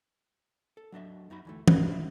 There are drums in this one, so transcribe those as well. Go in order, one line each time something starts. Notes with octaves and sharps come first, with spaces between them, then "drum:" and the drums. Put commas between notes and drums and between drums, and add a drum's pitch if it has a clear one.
A4
F#3 D4 D#5 E5
F#2 D#4 F#4 B5
D2 E3 A3
E2 F4 D#5 A#5 B5, drum: tom
F4 E5